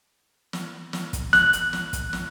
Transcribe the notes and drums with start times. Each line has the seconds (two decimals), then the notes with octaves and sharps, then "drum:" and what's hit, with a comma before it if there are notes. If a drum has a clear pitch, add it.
0.53 drum: snare
0.93 drum: snare
1.13 drum: kick, hi-hat
1.33 F#6, drum: snare
1.53 drum: hi-hat
1.73 drum: snare
1.93 drum: kick, hi-hat
2.13 drum: snare